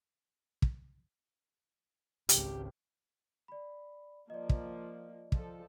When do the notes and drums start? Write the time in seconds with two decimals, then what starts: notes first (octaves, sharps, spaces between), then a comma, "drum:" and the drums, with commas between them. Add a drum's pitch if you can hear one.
0.62 drum: kick
2.29 G#1 C#2 G4, drum: hi-hat
3.48 D5 B5
4.30 F3 A#3 D5 D#5
4.49 drum: kick
5.32 F3 A4, drum: kick